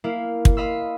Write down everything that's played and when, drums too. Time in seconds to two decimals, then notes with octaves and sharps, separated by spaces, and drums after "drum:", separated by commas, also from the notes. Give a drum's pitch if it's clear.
0.04 A#3 E4 F5
0.45 drum: kick
0.57 D#5 F5 B5 C6 E6